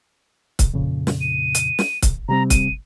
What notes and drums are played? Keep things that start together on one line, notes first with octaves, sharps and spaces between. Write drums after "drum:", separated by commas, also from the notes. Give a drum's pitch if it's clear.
drum: kick C#1, hi-hat
F2 A#2 C#3
drum: snare
D#7
drum: hi-hat
drum: snare
drum: kick C#1, hi-hat
C3 G3 C4 A#5
D#7, drum: kick C#1, hi-hat